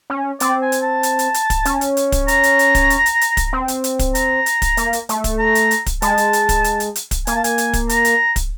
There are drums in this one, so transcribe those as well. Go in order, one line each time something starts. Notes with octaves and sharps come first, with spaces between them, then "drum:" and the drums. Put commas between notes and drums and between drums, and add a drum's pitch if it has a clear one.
C#4
C4 D5, drum: hi-hat
G#5
drum: hi-hat
A5
drum: hi-hat
drum: hi-hat
drum: hi-hat
drum: kick, hi-hat
C#4, drum: hi-hat
drum: hi-hat
drum: hi-hat
drum: kick, hi-hat
A#5, drum: hi-hat
drum: hi-hat
drum: hi-hat
drum: kick, hi-hat
drum: hi-hat
drum: hi-hat
drum: hi-hat
drum: kick, hi-hat
C4
drum: hi-hat
drum: hi-hat
drum: kick, hi-hat
A#5, drum: hi-hat
drum: hi-hat
drum: kick, hi-hat
A#3, drum: hi-hat
drum: hi-hat
A3, drum: hi-hat
drum: kick, hi-hat
A#5
drum: hi-hat
drum: hi-hat
drum: kick, hi-hat
G#3 A5, drum: hi-hat
drum: hi-hat
drum: hi-hat
drum: kick, hi-hat
drum: hi-hat
drum: hi-hat
drum: hi-hat
drum: kick, hi-hat
A#3 G#5, drum: hi-hat
A5
G#5, drum: hi-hat
drum: hi-hat
drum: kick, hi-hat
A#5, drum: hi-hat
drum: hi-hat
drum: kick, hi-hat